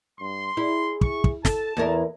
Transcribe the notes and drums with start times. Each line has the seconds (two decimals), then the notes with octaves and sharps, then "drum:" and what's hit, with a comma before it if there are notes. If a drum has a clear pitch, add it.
0.20 G2 C6
0.57 E4 G#4
1.01 C#6, drum: kick
1.24 drum: kick
1.45 A4 A5, drum: snare
1.77 E2 E3 E4 A#4